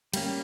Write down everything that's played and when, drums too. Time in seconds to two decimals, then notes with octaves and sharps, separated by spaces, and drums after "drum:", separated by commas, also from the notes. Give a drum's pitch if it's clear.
0.14 G3 A#3 C#4, drum: cymbal